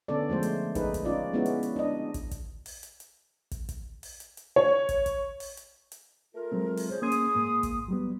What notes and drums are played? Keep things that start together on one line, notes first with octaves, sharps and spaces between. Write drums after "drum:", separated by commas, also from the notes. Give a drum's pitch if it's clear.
D3 B3 C#4 A4 D5
F3 G#3 A3 C5
drum: hi-hat
D#4 G#4 B4, drum: kick, hi-hat
drum: kick, hi-hat
C#4 D#4 F4 D5
G#3 B3 C#4 E4 F#4
drum: hi-hat
drum: hi-hat
D4 D#5
drum: kick, hi-hat
drum: kick, hi-hat
drum: open hi-hat
drum: hi-hat
drum: hi-hat
drum: kick, hi-hat
drum: kick, hi-hat
drum: open hi-hat
drum: hi-hat
drum: hi-hat
C#5
drum: kick, hi-hat
drum: kick, hi-hat
drum: open hi-hat
drum: hi-hat
drum: hi-hat
A3 F4 A#4
F#3 G#3 C4
drum: open hi-hat
C#4 G#4 C5
A#3 C#4 G#4 C6 D#6 G#6
drum: hi-hat
G#2 A#3
drum: kick, hi-hat
F#3 G3 B3